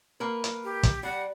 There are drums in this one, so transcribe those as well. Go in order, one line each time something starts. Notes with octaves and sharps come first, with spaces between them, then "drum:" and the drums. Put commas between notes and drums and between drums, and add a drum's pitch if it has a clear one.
A#3 A#4 B4
drum: hi-hat
G4
drum: kick, hi-hat
G3 F#5